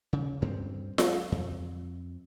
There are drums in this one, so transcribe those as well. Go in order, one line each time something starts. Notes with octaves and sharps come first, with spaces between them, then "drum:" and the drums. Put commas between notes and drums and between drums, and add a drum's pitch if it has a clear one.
C#3
D2 G2 G#3 C4
F#3 G#3, drum: snare F4
F2